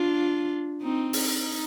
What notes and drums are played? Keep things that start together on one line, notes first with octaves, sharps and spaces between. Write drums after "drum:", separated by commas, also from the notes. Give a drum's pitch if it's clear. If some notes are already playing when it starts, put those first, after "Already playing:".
Already playing: D4 F4
C4 D#4
drum: open hi-hat
D#4